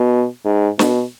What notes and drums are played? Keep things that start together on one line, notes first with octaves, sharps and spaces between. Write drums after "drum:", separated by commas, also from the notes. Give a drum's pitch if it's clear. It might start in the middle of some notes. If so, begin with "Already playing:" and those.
Already playing: B2
G#2
B2, drum: snare